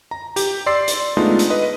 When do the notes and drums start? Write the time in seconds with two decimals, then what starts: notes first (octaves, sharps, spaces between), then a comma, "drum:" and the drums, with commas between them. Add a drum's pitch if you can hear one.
0.11 A#5
0.36 G4, drum: hi-hat
0.66 D5 C6 E6 A6 C7
0.88 drum: hi-hat
1.17 G#3 A3 B3 D4 D#4 F4
1.39 drum: hi-hat
1.50 B4 D#5